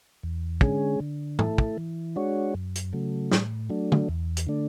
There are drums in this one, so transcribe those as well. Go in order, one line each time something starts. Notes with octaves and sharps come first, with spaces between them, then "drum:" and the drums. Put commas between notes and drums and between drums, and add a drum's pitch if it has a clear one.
E2
D3 G#3 C#4 G#4, drum: kick
D3
A3 E4 A4, drum: tom G#2
drum: kick
E3
G#3 D4 F#4 C#5
F#2
drum: hi-hat
C#3 F#3 A3
A2, drum: snare
F#3 A3 D4
drum: tom
E2
drum: hi-hat
D3 A3 D4